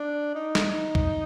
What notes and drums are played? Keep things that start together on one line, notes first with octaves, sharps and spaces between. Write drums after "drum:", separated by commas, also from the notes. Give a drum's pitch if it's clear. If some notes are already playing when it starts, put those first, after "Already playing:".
Already playing: D4
D#4
drum: snare
drum: kick